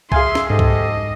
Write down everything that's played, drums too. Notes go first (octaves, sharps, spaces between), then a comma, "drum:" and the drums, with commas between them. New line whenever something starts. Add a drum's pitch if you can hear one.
G#4 E5 F5 G#5 C6, drum: kick C2
drum: snare
G#2 G4 A4 D#5
drum: kick C2